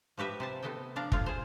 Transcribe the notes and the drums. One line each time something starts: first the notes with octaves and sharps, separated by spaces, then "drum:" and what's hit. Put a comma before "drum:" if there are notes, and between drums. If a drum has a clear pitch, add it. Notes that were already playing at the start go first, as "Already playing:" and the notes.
F3 F#4 G4 B4 E5
C3 C5 A5
C3 A3 B3 A4 D#5 G5
F3 D4 F5 A#5
A3 F4 C#5, drum: kick
G#4 C5